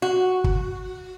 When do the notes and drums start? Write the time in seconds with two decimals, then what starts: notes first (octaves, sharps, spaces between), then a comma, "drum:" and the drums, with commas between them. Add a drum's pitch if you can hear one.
0.02 F#4
0.44 drum: kick